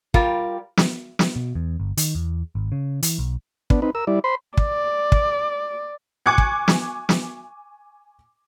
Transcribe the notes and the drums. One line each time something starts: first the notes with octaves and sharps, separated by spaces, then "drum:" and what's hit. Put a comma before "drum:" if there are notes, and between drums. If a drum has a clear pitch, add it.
G3 F4 G4 A#4, drum: kick
drum: snare
drum: snare
B2
E2
G1
D#3, drum: hi-hat
E2
G#1
C#3
E3, drum: hi-hat
B1
B3 D4, drum: kick
C4 D#4 B4
A#4 E6
G3 E4 D5
C5 B5 C6
D5, drum: kick
drum: kick
G#5 C#6 D6 F#6 G#6 C#7
drum: kick
drum: snare
drum: snare